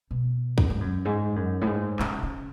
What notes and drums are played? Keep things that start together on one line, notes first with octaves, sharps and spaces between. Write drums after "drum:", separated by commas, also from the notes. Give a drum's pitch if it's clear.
B2
F#2, drum: kick
G#2
F#2
G#2
F#2
A2
G#2
C#3, drum: clap
C#3